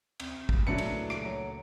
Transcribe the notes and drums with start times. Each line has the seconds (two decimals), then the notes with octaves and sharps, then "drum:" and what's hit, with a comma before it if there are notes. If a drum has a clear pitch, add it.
0.20 C2, drum: cymbal
0.49 drum: kick
0.67 C#2 A#2 F#3 A3 D4 E4 B4 C#7
0.78 drum: cymbal
1.10 D7, drum: rim click
1.25 F#3